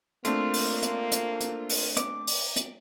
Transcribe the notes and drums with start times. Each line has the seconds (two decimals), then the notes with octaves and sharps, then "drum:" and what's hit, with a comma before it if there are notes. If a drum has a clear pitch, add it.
0.25 A3 A#3 C4 D4 F4, drum: hi-hat
0.54 drum: open hi-hat
0.83 drum: hi-hat
1.12 drum: hi-hat
1.41 drum: hi-hat
1.69 drum: open hi-hat
1.97 D6, drum: hi-hat
2.27 drum: open hi-hat
2.56 drum: hi-hat